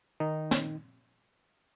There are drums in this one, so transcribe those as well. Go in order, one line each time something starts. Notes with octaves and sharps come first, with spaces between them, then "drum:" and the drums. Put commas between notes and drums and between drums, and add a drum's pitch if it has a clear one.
D#3 D#4
drum: snare